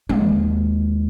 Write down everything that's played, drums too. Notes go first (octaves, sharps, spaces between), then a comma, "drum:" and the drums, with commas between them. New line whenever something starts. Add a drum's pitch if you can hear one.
D#2 G#3, drum: tom